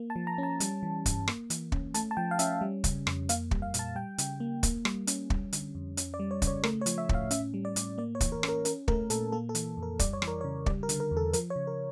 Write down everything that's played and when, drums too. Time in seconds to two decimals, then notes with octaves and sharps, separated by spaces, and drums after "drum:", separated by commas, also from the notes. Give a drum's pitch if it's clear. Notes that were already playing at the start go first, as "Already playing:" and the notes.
Already playing: A#3
0.10 A5
0.16 F3
0.27 A#5
0.38 C#4
0.43 A5
0.60 G3, drum: hi-hat
0.83 E3
1.06 G2, drum: kick, hi-hat
1.28 A#3, drum: rim click
1.50 E3, drum: hi-hat
1.72 C#4, drum: kick
1.94 A3 A5, drum: hi-hat
2.11 A5
2.17 F3 G5
2.31 F5
2.39 C#4 E5, drum: hi-hat
2.61 G3
2.84 C#3, drum: kick, hi-hat
3.07 F2, drum: rim click
3.29 A#3 F5, drum: hi-hat
3.51 G3, drum: kick
3.62 F5
3.74 A#2, drum: hi-hat
3.79 A5
3.96 G3 G5
4.18 C#3, drum: hi-hat
4.40 A#3
4.63 A#3, drum: kick, hi-hat
4.85 G3, drum: rim click
5.07 C#4, drum: hi-hat
5.30 G3, drum: kick
5.53 D3, drum: hi-hat
5.75 F2
5.97 C#4, drum: hi-hat
6.14 D5
6.19 G3
6.31 C#5
6.42 C#3, drum: kick, hi-hat
6.47 C#5
6.63 A3 A#4, drum: rim click
6.81 C#5
6.86 F3, drum: hi-hat
6.98 E5
7.09 A2, drum: kick
7.14 F5
7.31 C#4 E5, drum: hi-hat
7.54 G3
7.65 D5
7.76 A2, drum: hi-hat
7.98 A#3 D5
8.15 C#5
8.21 E3, drum: kick, hi-hat
8.32 A#4
8.43 C#4, drum: rim click
8.49 A#4
8.65 C#4 A#4, drum: hi-hat
8.88 A3 A#4, drum: kick
9.10 A#2 A4, drum: hi-hat
9.32 A#3 A4
9.49 A4
9.55 E3, drum: hi-hat
9.77 F2
9.83 A#4
9.99 G3 D5, drum: kick, hi-hat
10.13 C#5
10.22 E3, drum: rim click
10.27 A#4
10.41 C#5
10.44 C#3
10.66 G3 D5, drum: kick
10.83 A#4
10.89 D3, drum: hi-hat
11.00 A#4
11.11 E2
11.17 A4
11.33 F3 A#4, drum: hi-hat
11.50 C#5
11.56 C#3
11.67 A#4